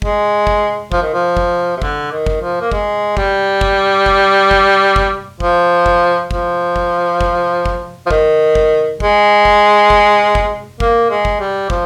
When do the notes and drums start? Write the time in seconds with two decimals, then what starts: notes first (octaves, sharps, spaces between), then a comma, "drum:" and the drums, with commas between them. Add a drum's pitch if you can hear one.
0.02 G#3, drum: kick
0.47 drum: kick
0.92 F3, drum: kick
1.02 D#3
1.13 F3
1.37 drum: kick
1.77 C3
1.82 D3, drum: kick
2.12 D#3
2.26 drum: kick
2.41 F3
2.61 A#3
2.71 G#3, drum: kick
3.17 G3, drum: kick
3.61 drum: kick
4.06 drum: kick
4.51 drum: kick
4.96 drum: kick
5.40 F3, drum: kick
5.86 drum: kick
6.31 F3, drum: kick
6.76 drum: kick
7.21 drum: kick
7.66 drum: kick
8.06 F3
8.11 D#3, drum: kick
8.55 drum: kick
9.00 G#3, drum: kick
9.45 drum: kick
9.90 drum: kick
10.35 drum: kick
10.80 A#3, drum: kick
11.10 G#3
11.25 drum: kick
11.40 G3
11.70 F3, drum: kick